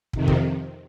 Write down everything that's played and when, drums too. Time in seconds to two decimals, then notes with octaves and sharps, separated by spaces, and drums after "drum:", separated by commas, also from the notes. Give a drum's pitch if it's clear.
0.13 F2 C3 D#3, drum: kick
0.28 drum: kick